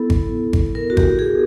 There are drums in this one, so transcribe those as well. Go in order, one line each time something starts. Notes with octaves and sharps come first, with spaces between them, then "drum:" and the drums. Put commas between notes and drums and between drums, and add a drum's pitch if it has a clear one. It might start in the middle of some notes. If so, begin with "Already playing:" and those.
Already playing: B3 E4 A4
drum: kick G#1
drum: kick G#1
A#4
F#4
G4, drum: kick G#1
G#4